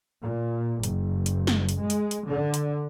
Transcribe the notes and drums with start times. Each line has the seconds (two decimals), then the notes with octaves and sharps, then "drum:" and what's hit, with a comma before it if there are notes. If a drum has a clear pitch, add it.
0.22 A#2
0.83 F#1, drum: hi-hat
1.26 drum: hi-hat
1.47 drum: snare
1.69 drum: hi-hat
1.80 G#3
1.90 drum: hi-hat
2.11 drum: hi-hat
2.25 D3
2.54 drum: hi-hat